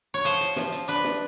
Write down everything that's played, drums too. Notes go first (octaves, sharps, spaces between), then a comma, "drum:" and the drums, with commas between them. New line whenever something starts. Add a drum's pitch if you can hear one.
C#5
F3 C5
drum: hi-hat
F3, drum: snare
drum: hi-hat
D4 B4
drum: snare